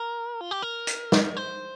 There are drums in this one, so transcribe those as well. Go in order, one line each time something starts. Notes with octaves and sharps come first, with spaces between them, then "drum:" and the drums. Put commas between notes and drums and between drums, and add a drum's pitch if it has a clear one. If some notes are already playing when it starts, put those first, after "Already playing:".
Already playing: A#4
F4
G4
A#4
drum: hi-hat
drum: snare
C5